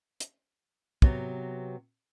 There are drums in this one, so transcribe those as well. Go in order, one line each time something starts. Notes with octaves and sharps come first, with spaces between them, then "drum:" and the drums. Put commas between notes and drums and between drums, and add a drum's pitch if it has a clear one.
drum: hi-hat
C3 F#3 B3, drum: kick